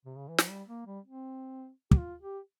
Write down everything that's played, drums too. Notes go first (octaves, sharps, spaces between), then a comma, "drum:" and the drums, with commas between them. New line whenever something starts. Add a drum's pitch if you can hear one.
C3
C#3
E3
F3, drum: snare
G3
A#3
G3
C4
G4, drum: kick
F4
G4